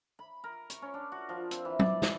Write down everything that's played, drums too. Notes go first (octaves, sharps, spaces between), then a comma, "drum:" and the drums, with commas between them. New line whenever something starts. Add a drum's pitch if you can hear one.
B5
A#4
C#6, drum: hi-hat
C#4
D4
F#4
F3
C4, drum: hi-hat
E3
D5, drum: tom
G#4, drum: snare